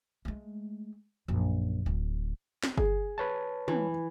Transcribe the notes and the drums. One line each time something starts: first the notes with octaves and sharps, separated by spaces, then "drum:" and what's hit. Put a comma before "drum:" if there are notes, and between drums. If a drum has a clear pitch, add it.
G#3 A3
A#1 F#2
D1
drum: snare
G#4, drum: kick G1
B4 C#5 A5
E3, drum: tom